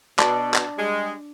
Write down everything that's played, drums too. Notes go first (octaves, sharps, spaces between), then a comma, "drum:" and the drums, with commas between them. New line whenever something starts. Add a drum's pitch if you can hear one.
B2 D4, drum: clap
drum: clap
G3 G#3